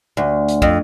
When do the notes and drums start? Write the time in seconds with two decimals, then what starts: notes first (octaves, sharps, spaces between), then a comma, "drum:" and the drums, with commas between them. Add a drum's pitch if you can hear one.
0.17 D2
0.48 drum: hi-hat
0.62 F2, drum: kick